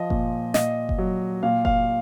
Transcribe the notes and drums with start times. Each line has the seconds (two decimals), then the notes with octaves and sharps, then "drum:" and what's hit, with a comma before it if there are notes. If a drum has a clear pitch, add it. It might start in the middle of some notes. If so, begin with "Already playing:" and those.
Already playing: F3 D#5
0.10 A#2, drum: kick F#1
0.54 A#2 D#5, drum: snare
0.89 drum: kick F#1
0.98 F#3
1.43 A#2 F5
1.65 F5, drum: kick F#1